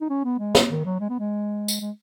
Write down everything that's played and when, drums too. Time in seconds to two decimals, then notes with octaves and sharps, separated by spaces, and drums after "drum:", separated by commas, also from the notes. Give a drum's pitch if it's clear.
0.01 D#4
0.10 C#4
0.24 B3
0.39 G#3
0.55 drum: snare
0.70 D#3
0.85 F#3
1.00 G#3
1.10 B3
1.19 G#3
1.68 drum: tambourine
1.81 G#3